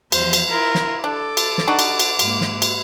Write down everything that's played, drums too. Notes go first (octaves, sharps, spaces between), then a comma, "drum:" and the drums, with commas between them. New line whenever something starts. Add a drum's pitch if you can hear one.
E2 F3 C5, drum: cymbal
drum: cymbal
E4 F4 A#4
drum: snare
D4 A4 D6
drum: cymbal
drum: snare
D4 D#4 F#4
drum: cymbal
drum: cymbal
G#2 A#3, drum: cymbal
drum: snare
drum: cymbal